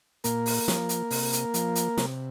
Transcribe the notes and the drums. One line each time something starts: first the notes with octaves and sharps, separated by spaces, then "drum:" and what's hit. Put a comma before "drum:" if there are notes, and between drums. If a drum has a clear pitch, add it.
A#2 A#3 A#4, drum: hi-hat
drum: open hi-hat
F3, drum: snare
drum: hi-hat
C3, drum: open hi-hat
drum: hi-hat
F3, drum: hi-hat
drum: hi-hat
C3, drum: snare